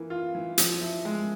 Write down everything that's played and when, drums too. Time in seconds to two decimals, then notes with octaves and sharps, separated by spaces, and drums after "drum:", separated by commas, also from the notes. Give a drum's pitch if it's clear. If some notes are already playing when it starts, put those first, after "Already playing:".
Already playing: E3 A#3
0.10 F4
0.35 E3
0.58 F3, drum: hi-hat
0.81 E4
1.05 G#3